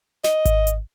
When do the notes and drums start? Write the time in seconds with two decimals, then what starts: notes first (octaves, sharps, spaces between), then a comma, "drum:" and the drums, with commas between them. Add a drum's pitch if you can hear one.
0.24 D#5, drum: snare
0.45 drum: kick G#1, hi-hat
0.67 drum: hi-hat